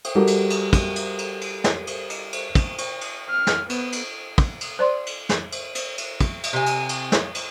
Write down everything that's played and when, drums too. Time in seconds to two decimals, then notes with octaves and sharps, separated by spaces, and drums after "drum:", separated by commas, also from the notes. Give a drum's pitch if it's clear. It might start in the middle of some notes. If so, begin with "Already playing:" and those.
0.04 drum: cymbal
0.15 G3 F#4 G4 A4 A#4
0.27 drum: cymbal
0.50 drum: cymbal
0.73 drum: kick, cymbal
0.96 drum: cymbal
1.18 drum: cymbal
1.41 drum: cymbal
1.64 drum: snare
1.87 drum: cymbal
2.10 drum: cymbal
2.33 drum: cymbal
2.55 drum: kick, cymbal
2.78 drum: cymbal
3.01 drum: cymbal
3.30 F6
3.47 drum: snare
3.69 B3, drum: cymbal
3.92 drum: cymbal
4.38 drum: kick, cymbal
4.61 drum: cymbal
4.79 C5 D5 C6
5.06 drum: cymbal
5.29 drum: snare
5.52 drum: cymbal
5.75 drum: cymbal
5.98 drum: cymbal
6.21 drum: kick, cymbal
6.43 drum: cymbal
6.53 C3 G#5
6.66 drum: cymbal
6.89 drum: cymbal
7.12 drum: snare
7.35 drum: cymbal